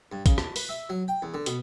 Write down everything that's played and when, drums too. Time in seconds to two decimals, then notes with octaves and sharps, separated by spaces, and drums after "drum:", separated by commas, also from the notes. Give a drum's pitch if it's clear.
0.12 G2
0.26 C#3, drum: kick, hi-hat
0.38 A5, drum: rim click
0.56 B4, drum: open hi-hat
0.69 E5
0.89 F#3
1.08 G5
1.22 E2
1.34 D3
1.46 B2, drum: hi-hat